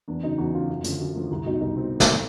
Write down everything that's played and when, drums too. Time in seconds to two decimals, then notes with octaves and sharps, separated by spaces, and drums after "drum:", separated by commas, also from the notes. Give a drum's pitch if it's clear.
0.08 E2 D4
0.23 C#3 F#3 D#4
0.38 E2 F#4
0.54 C#3 F#3 F4
0.69 F#2
0.84 D3 F3, drum: hi-hat
1.00 F#2
1.15 D3 F3
1.31 C2 E4
1.46 B2 F#3 D#4
1.61 C2 D#4
1.76 B2 C4
2.00 drum: snare